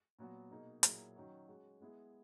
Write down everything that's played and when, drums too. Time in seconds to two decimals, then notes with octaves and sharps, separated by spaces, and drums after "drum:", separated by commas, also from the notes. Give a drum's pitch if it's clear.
0.19 A#2 F#3 B3 F#4
0.51 B2 A#3 D#4 G#4
0.83 A#2 F#3 A#3 E4 G#4, drum: hi-hat
1.16 D#3 F#3 C#4 F#4
1.48 G#3 C#4 F#4
1.81 G#3 B3 E4 G#4